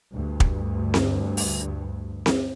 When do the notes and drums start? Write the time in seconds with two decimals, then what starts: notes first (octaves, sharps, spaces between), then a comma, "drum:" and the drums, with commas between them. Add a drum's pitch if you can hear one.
0.15 D2 G2
0.40 drum: kick
0.94 drum: snare C4
1.37 drum: open hi-hat
2.26 drum: snare C4